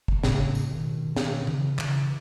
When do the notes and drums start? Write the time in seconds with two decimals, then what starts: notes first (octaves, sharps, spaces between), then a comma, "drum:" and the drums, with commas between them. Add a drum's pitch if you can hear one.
0.08 drum: kick
0.24 A2 C#3, drum: snare
0.55 drum: tambourine
0.69 B2 D#3
1.16 B2 D#3, drum: snare
1.47 C#3 E3, drum: tom
1.79 C#3 E3, drum: clap